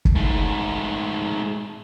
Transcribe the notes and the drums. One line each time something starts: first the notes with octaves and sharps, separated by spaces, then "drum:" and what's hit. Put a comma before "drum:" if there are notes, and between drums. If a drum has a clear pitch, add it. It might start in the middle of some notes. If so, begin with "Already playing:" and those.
drum: kick
G#2 A3